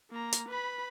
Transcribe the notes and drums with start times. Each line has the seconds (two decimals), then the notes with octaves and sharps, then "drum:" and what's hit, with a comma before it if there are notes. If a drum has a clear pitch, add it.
0.10 A#3 A#5
0.32 drum: hi-hat
0.49 B4 B5